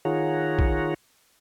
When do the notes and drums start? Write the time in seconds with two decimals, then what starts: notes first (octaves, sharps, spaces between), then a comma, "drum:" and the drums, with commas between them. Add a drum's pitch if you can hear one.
0.05 D#3 F4 G#4 C#5 F#5 A#5
0.59 drum: kick B1